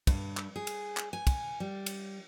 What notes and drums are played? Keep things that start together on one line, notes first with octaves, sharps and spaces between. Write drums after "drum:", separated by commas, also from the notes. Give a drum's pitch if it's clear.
G2, drum: kick, cymbal
drum: clap
G#4
drum: cymbal
drum: clap
G#5
drum: kick, cymbal
G3
drum: cymbal